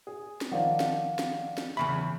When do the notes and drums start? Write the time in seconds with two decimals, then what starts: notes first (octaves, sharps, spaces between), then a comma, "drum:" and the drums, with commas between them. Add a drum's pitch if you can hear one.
0.07 G#4
0.41 drum: snare
0.51 D#3 F3 D5 F5 F#5
0.80 drum: snare
1.19 drum: snare
1.58 drum: snare
1.77 E2 C#3 E5 B5